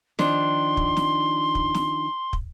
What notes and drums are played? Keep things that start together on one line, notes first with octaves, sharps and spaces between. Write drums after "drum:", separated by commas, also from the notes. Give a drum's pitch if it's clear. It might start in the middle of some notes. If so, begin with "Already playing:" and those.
D#3 F3 D4 C6, drum: snare
drum: kick
drum: snare
drum: kick
drum: snare
drum: kick